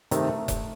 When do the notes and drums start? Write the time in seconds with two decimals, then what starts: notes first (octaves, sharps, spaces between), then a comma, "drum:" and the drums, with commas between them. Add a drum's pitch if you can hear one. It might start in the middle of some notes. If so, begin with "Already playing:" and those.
0.11 C3 D#3 A3, drum: hi-hat
0.48 drum: kick F1, hi-hat